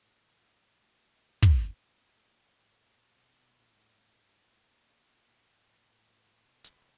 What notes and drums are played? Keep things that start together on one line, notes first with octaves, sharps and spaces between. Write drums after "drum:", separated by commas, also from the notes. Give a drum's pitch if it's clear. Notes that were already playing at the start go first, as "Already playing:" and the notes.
Already playing: A2
drum: kick
A2
A#2
A2
G#2
A2
A#2
B2
B2
A#2
G#2
A2
G#2
A2
G#2
A2
A#2
A#2
A2
A2
G#2
A2
C3
B2
C#3, drum: hi-hat
C3